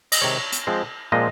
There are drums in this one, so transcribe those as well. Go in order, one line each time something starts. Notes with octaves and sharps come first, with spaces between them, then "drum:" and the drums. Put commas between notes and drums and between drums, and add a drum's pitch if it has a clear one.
D#5, drum: cymbal
C3 D#3 G#3 C#5
drum: hi-hat
F3 G#3 C4
A#2 F3 G#3 C4 D#5